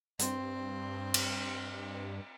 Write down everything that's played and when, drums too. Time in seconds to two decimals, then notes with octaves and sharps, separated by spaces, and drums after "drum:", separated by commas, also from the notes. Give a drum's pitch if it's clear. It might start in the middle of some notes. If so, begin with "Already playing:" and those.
0.19 G2 C4, drum: hi-hat
1.14 drum: cymbal